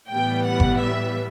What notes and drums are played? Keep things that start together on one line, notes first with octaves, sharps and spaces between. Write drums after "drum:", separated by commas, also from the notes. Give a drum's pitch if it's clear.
A2 E3 G3 B3 G5
F#5
drum: kick G1
E5